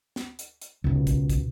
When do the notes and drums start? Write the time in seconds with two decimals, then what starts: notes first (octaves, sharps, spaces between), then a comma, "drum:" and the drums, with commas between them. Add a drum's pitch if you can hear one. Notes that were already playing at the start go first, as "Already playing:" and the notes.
0.16 drum: snare
0.39 drum: hi-hat
0.62 drum: hi-hat
0.84 C#2 B2 D#3
1.07 drum: kick, hi-hat
1.30 drum: kick, hi-hat